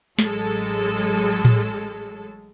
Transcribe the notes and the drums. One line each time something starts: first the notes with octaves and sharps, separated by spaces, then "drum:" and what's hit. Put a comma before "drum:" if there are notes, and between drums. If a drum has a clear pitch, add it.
A1 F#3 G#3 A4, drum: snare
drum: tom A2